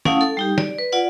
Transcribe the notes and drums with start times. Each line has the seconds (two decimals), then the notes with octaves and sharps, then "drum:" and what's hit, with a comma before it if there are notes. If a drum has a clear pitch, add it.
0.05 A3 C#4 E4 F5 F#5 D#6, drum: snare
0.21 A4
0.37 G3 D#4 G4
0.58 D5, drum: snare
0.79 B4
0.93 F4 D5 F#5